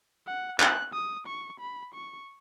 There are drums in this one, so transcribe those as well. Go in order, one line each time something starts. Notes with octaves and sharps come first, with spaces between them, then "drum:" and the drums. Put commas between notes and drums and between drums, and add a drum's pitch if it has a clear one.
F#5
F#6, drum: clap
D#6
C#6
B5
C#6